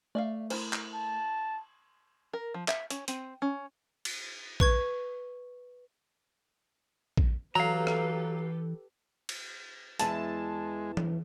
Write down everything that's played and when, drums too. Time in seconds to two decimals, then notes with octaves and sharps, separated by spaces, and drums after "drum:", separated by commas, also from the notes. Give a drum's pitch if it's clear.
0.15 A3 D5 E5 F5
0.50 E4 A#4 C5, drum: cymbal
0.73 drum: clap
0.94 A5
2.33 A#4
2.54 F3
2.68 E5, drum: clap
2.90 C#4, drum: hi-hat
3.08 C4, drum: hi-hat
3.42 C#4
4.05 drum: cymbal
4.60 B4 C#6 G#6, drum: kick A#1
7.17 drum: kick A#1
7.55 E3 F#3 G4 A4 B4 F5 A#5
7.87 drum: rim click
9.29 drum: cymbal
9.99 E2 E3 G#3 A5, drum: hi-hat
10.97 drum: tom E3